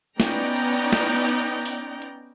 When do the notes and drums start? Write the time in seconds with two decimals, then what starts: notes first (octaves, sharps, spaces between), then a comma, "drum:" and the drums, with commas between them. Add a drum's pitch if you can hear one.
0.20 B3 C#4 D#4 D5 G5 A#5, drum: snare
0.56 drum: hi-hat
0.93 drum: snare
1.29 drum: hi-hat
1.65 drum: open hi-hat
2.02 drum: hi-hat